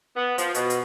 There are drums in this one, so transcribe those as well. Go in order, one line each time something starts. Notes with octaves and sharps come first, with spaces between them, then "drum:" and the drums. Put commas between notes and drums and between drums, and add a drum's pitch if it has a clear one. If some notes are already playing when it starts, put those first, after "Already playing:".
B3
F3, drum: hi-hat
B2, drum: hi-hat
drum: hi-hat